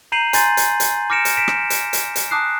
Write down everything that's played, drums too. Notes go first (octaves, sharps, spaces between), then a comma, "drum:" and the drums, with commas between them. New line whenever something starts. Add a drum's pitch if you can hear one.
A#5 G6 C7 D#7 F#7
G#5 A#5 C6 G6 A6, drum: hi-hat
drum: hi-hat
drum: hi-hat
D6 F6 A#6 C#7 D7 E7
drum: hi-hat
B6 D7 E7
drum: rim click
drum: hi-hat
drum: hi-hat
drum: hi-hat
A5 D6 D#6 F#6 C7